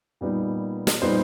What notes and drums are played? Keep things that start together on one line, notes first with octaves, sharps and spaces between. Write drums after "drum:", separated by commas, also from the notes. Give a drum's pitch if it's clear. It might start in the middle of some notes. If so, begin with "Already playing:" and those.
A#2 G3 B3 D#4
drum: snare
A#2 G3 B3 D#4 C5